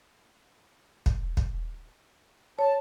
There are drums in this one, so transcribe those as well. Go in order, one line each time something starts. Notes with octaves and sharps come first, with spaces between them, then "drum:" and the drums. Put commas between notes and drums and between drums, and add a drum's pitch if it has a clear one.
drum: kick
drum: kick
C#5 A5